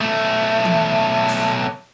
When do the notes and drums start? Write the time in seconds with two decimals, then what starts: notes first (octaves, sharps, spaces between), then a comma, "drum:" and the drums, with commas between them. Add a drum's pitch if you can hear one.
0.01 B1 A3
0.65 drum: tom E3
1.28 drum: open hi-hat